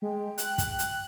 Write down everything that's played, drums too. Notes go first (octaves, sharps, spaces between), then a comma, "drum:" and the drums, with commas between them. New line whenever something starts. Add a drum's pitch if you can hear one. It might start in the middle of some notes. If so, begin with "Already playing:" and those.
G#3 G5
F#6, drum: hi-hat
drum: kick, hi-hat
drum: hi-hat